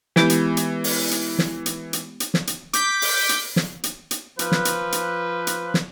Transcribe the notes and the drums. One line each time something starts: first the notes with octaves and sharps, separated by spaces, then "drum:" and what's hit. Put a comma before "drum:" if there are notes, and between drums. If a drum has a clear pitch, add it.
E3 G#3 B3 G4, drum: snare
drum: hi-hat
drum: hi-hat
drum: open hi-hat
drum: hi-hat
drum: snare
drum: hi-hat
drum: hi-hat
drum: hi-hat
drum: snare
drum: hi-hat
D6 G6 B6, drum: hi-hat
drum: open hi-hat
drum: hi-hat
drum: snare
drum: hi-hat
drum: hi-hat
F3 B4, drum: hi-hat
drum: snare
drum: hi-hat
drum: hi-hat
drum: hi-hat
drum: snare